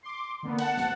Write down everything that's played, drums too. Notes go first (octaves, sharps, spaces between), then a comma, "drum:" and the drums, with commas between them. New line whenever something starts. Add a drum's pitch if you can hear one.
C6 D6
D3 A#3 B3
F#5 A5, drum: cymbal
drum: snare